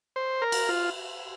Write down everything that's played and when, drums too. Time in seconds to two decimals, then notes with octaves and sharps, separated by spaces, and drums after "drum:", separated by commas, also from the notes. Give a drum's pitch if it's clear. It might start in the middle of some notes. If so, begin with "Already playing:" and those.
0.16 C5
0.42 A#4
0.52 drum: cymbal
0.69 F4